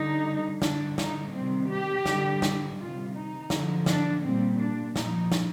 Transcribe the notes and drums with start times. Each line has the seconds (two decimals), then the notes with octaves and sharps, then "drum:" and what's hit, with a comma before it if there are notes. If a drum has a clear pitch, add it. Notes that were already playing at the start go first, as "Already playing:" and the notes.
Already playing: D3 G3 D#4
0.62 D3 G3 D4, drum: snare
0.98 D#4, drum: snare
1.33 C3 D#3 G3 C4
1.70 G4
2.06 D3 G3, drum: snare
2.42 drum: snare
2.78 C3 D#3 G3 F4
3.15 D#4
3.50 D3 F3, drum: snare
3.86 D4, drum: snare
4.23 A#2 G3 C4
4.59 D4
4.96 A#2 F3 D#4, drum: snare
5.32 drum: snare